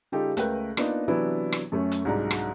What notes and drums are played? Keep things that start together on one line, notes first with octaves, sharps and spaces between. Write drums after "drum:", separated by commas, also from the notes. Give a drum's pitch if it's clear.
C#3 G3 D#4 F4 G4 A4
C#2 A3 A#4 B4 G5 F#6, drum: hi-hat
A#3 B3 D4 D#4 F4, drum: rim click
C3 E3 F#3 B3 D4 E4
drum: rim click
F#2 A3 C#4
drum: hi-hat
C2 G#2 F#3 D4 D5 A#5
drum: rim click